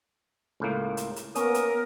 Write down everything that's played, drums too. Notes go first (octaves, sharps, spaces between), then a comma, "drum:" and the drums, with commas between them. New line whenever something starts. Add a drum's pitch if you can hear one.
C#2 A2 A#3
drum: hi-hat
drum: hi-hat
A#3 B3 C#4 A#4 D#6, drum: hi-hat
drum: hi-hat